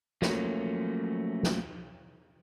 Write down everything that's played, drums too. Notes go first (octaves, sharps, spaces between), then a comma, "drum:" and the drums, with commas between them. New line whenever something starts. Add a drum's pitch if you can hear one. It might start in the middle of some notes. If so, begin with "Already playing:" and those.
F3 F#3 A3 A#3 C#4, drum: snare
drum: snare